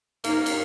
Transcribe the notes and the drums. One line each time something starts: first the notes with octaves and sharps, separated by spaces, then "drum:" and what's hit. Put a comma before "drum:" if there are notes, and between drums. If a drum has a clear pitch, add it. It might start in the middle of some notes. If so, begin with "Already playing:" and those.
G#2 A#3, drum: cymbal
drum: cymbal